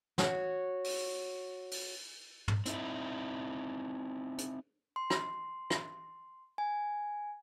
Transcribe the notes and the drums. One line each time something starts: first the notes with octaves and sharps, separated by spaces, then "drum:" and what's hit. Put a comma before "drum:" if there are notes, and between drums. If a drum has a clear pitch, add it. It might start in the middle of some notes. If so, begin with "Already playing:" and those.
F#4 C#5, drum: snare
drum: open hi-hat
drum: open hi-hat
drum: tom
C4 D#4 E4, drum: hi-hat
drum: hi-hat
C6
drum: rim click
drum: rim click
G#5